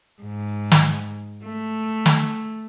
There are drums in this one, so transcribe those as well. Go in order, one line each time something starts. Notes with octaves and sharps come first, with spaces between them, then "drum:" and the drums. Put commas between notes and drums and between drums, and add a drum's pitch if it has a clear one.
G#2
drum: snare
A3
drum: snare